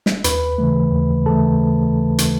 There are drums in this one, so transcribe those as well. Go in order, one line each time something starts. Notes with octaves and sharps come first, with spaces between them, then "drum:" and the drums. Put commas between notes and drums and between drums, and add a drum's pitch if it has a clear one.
drum: snare
D#2 B4 B5, drum: hi-hat
C#3 E3 A3
D#2
C#3 E3 A3 A4 A5
drum: hi-hat